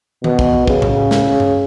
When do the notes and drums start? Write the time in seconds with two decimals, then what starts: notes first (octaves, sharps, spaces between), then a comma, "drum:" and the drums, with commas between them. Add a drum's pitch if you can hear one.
0.24 B2, drum: tom D#3
0.39 drum: kick
0.68 C#3, drum: kick
0.82 drum: tom A2
1.11 drum: snare
1.40 drum: tom G2